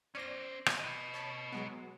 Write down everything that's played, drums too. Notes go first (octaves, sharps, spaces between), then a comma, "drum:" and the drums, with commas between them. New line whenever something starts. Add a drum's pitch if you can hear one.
C#4 C5 D5 A#6
drum: rim click
B4 D#5
C#5 A5 B5
F#3 G#3 B3